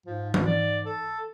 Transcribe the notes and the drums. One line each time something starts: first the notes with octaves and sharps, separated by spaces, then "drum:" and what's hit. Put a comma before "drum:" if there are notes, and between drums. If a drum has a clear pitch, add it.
G#2 F3
drum: tom E3
D5
A4